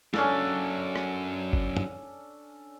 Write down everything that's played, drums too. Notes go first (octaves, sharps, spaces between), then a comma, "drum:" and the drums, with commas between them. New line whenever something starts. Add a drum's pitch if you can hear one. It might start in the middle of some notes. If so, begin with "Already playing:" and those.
F#2 C#4 D4 A4 F5, drum: snare
drum: rim click
drum: kick G1
drum: tom